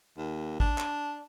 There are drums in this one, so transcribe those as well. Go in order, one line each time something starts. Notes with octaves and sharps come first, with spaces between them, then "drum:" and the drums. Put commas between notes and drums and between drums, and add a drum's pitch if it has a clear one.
D#2
D4, drum: kick
drum: clap